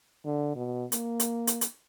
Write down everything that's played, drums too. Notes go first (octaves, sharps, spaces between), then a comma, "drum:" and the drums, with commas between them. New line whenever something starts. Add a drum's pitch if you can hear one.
D3
B2
A#3, drum: hi-hat
drum: hi-hat
drum: hi-hat
drum: hi-hat